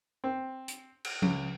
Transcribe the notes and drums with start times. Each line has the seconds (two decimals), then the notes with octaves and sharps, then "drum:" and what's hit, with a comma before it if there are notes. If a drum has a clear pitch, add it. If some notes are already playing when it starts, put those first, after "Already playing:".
0.24 C4
0.68 drum: hi-hat
1.05 drum: cymbal
1.22 C#2, drum: tom F3